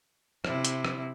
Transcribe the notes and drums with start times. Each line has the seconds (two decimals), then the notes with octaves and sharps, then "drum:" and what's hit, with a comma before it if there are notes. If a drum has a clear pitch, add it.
0.45 C3 E4, drum: rim click
0.65 drum: hi-hat
0.85 drum: rim click